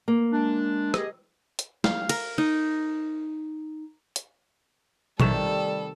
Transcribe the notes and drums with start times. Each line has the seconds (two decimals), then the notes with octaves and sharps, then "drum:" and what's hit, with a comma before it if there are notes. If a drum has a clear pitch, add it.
0.08 A#3
0.32 G#3 D4
0.94 G4 G#4 D#5, drum: rim click
1.59 drum: hi-hat
1.84 F5, drum: snare
2.09 A#4, drum: cymbal
2.38 D#4
4.16 drum: hi-hat
5.20 A#1 C3 D#3 G3 A3 A4 C#6 E7, drum: tom